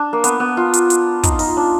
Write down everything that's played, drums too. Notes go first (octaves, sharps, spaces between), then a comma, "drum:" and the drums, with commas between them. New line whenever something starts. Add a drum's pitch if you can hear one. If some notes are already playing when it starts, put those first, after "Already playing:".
Already playing: D4
A#3
B3, drum: hi-hat
B3
F4
drum: hi-hat
drum: hi-hat
D#4, drum: kick, hi-hat
F4
D#4, drum: open hi-hat
D4